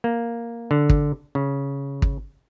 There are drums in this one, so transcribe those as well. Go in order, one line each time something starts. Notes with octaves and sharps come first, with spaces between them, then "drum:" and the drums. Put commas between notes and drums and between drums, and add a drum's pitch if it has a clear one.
A#3
D3
drum: kick
C#3
drum: kick